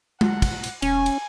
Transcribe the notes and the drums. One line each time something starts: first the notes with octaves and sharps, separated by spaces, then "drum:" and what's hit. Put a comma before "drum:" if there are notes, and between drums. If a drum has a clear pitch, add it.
F#5, drum: tom G#3
drum: kick, cymbal
drum: cymbal
E1 C#4 G#5, drum: cymbal
drum: cymbal